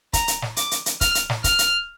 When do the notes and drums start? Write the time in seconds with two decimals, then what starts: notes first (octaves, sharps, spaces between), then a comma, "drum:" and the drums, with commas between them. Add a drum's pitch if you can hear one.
0.13 A#5, drum: kick, hi-hat
0.28 drum: hi-hat
0.42 drum: snare
0.57 D6, drum: hi-hat
0.71 drum: hi-hat
0.86 drum: hi-hat
1.01 F6, drum: kick, hi-hat
1.15 drum: hi-hat
1.30 drum: snare
1.44 F6, drum: kick, hi-hat
1.59 drum: hi-hat